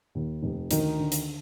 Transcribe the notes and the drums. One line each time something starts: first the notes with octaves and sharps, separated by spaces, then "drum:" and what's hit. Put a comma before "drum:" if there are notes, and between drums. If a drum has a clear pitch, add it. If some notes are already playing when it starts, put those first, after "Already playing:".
D#2
F1
D2 D#3 D#4, drum: hi-hat
D3
drum: hi-hat